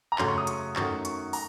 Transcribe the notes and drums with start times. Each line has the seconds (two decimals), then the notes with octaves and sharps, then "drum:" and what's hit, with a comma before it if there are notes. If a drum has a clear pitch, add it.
0.12 A#5
0.18 F#2 C#3 A3 C6, drum: clap
0.28 C#6
0.38 D#6
0.47 C#6, drum: hi-hat
0.76 F#2 D#3 A3 C#6, drum: clap
1.05 C#6, drum: hi-hat
1.33 A#5, drum: open hi-hat